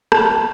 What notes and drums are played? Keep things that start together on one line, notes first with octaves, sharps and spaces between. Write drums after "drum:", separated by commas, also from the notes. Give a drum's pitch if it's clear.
A5, drum: rim click